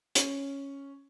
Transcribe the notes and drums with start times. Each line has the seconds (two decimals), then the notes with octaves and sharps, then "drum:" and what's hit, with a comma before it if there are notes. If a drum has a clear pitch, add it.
0.15 C#4, drum: hi-hat